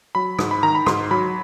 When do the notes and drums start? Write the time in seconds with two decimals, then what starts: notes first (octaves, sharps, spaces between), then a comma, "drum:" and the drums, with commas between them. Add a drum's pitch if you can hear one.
0.15 F#3 B5
0.39 G#2, drum: rim click
0.51 B5
0.63 D#3 A#5
0.75 B5
0.86 G#2 C6, drum: rim click
1.11 F#3 B5